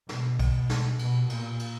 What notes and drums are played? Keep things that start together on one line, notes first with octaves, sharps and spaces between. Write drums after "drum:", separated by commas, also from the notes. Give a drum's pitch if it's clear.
B2, drum: snare
drum: kick, cymbal
drum: snare
B2, drum: cymbal
A#2, drum: cymbal
drum: cymbal